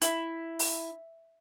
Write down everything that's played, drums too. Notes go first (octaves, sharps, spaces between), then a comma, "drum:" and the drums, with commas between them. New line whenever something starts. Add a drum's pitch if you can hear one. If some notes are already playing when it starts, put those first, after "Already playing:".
E4, drum: hi-hat
drum: open hi-hat